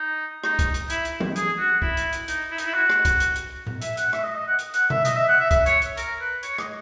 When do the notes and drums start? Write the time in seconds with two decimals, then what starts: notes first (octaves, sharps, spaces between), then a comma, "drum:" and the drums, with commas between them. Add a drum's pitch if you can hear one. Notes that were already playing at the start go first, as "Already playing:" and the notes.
Already playing: D#4
0.44 D#4, drum: rim click
0.59 drum: kick, hi-hat
0.74 drum: hi-hat
0.90 E4, drum: hi-hat
1.05 drum: hi-hat
1.20 drum: tom E3
1.36 G#4, drum: hi-hat
1.59 F#4
1.82 E4, drum: kick
1.97 drum: hi-hat
2.13 drum: hi-hat
2.28 D#4, drum: hi-hat
2.51 E4
2.58 D#4, drum: hi-hat
2.66 E4
2.74 F#4
2.90 drum: rim click
3.05 drum: kick, hi-hat
3.20 drum: hi-hat
3.36 drum: hi-hat
3.67 drum: tom A2
3.82 E5, drum: hi-hat
3.97 F#5, drum: hi-hat
4.13 E5, drum: rim click
4.24 D#5
4.36 D#5
4.47 F#5
4.59 drum: hi-hat
4.74 F#5, drum: hi-hat
4.90 E5, drum: tom B2
5.05 D#5, drum: hi-hat
5.16 E5
5.28 F#5
5.40 E5
5.51 E5, drum: kick, hi-hat
5.66 C#5, drum: hi-hat
5.82 drum: hi-hat
5.97 A#4, drum: hi-hat
6.20 B4
6.43 C#5, drum: hi-hat
6.58 D#5, drum: rim click